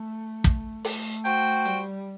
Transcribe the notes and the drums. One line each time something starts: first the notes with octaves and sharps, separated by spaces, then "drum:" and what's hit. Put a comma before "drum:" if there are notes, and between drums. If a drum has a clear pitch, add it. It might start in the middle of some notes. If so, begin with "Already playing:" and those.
Already playing: A3
drum: kick, hi-hat
A3, drum: open hi-hat
F#4 C5 G5, drum: hi-hat
G3, drum: hi-hat